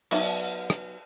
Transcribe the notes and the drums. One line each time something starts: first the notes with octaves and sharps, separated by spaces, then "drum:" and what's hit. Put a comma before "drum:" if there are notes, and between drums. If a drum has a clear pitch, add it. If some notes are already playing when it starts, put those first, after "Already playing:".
F#3 B3 D#4 D5 E5, drum: cymbal
drum: rim click